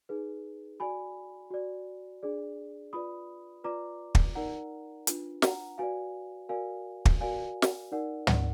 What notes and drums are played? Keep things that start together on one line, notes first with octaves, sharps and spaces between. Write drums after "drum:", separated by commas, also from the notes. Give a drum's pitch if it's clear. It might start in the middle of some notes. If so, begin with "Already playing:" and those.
D#4 G#4 B4
F#4 D5 G#5 B5
F#4 D5
D4 G#4 D5
F4 B4 D5 B5 D#6
F4 B4 D5 A#5 D6
drum: kick
D#4 A#4 D5 F#5 A#5
D4 F4 B4, drum: hi-hat
F#5 A#5, drum: snare
F#4 B4 D5 F5 G#5
F#4 A#4 D5 F5 G#5
drum: kick
F#4 A#4 D5 F5 G#5
drum: snare
D#4 A#4 D5 F#5
F#5, drum: tom